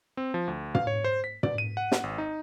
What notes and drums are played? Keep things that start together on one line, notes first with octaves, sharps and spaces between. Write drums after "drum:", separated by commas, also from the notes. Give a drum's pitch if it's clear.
C4
F3
D2
F5, drum: tom
C#5
C5
B6
D5, drum: tom
D#7
F#5
drum: snare
G#1
D#4